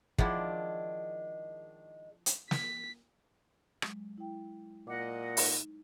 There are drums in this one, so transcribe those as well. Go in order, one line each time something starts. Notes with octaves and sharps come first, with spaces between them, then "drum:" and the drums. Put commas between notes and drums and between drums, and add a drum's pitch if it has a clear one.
D#3 F3 G#3 D4 E4 G#4 E5 F#5, drum: kick
drum: hi-hat
B6, drum: snare
F#3 G#3, drum: rim click
E4 G5
A#2 D#5 F#5 D6
D#4, drum: open hi-hat